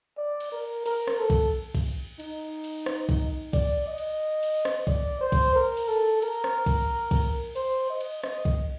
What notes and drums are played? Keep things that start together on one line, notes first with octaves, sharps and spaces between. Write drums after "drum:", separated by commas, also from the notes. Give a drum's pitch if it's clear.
D5
drum: cymbal
A#4
A#4, drum: cymbal
drum: rim click
A4
drum: kick B1, cymbal
drum: kick B1, cymbal
D#4, drum: cymbal
drum: cymbal
drum: rim click
drum: kick B1, cymbal
D5, drum: kick B1, cymbal
D#5
drum: cymbal
drum: cymbal
drum: rim click
D5, drum: kick B1
C5
drum: kick B1, cymbal
A#4
drum: cymbal
A4
A#4, drum: cymbal
drum: rim click
drum: kick B1, cymbal
drum: kick B1, cymbal
C5, drum: cymbal
D#5
drum: cymbal
D#5, drum: rim click
drum: kick B1